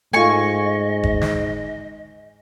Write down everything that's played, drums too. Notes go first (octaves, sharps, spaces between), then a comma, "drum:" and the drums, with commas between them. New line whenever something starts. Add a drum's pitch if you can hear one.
G#2 A3 F4 D#5 G#5 C#6
drum: kick
drum: snare